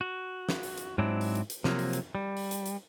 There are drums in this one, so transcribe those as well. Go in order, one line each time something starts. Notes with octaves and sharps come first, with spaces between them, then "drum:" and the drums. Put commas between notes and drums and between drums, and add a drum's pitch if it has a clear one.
F#4
drum: snare
drum: open hi-hat
drum: hi-hat
G#2 F#3 C4 D4 E4
drum: open hi-hat
drum: hi-hat
drum: hi-hat
C3 F3 F#3 A#3, drum: snare
drum: open hi-hat
drum: hi-hat
G3
drum: open hi-hat
drum: hi-hat
drum: hi-hat